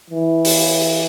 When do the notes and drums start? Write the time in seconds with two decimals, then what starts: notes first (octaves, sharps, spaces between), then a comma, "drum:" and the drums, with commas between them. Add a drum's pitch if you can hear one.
0.10 E3
0.45 drum: open hi-hat